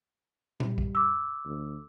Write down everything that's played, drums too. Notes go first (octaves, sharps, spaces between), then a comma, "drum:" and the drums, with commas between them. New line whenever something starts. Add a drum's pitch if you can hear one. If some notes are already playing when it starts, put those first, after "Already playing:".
G3, drum: tom A#2
drum: kick
D6 E6
D2